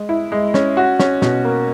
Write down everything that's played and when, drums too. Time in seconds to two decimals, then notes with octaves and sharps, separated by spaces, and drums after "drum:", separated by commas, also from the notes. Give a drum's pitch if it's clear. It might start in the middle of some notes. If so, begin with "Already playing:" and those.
Already playing: G#3
0.09 E4
0.32 G#3
0.54 C#4, drum: snare
0.77 F#4
0.99 C#4, drum: snare
1.22 B2, drum: snare
1.45 A#3